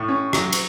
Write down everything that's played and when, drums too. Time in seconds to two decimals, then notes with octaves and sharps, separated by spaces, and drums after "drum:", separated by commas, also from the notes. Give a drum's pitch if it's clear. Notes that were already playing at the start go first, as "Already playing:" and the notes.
Already playing: A2
0.08 C#4
0.33 F#3, drum: rim click
0.52 drum: cymbal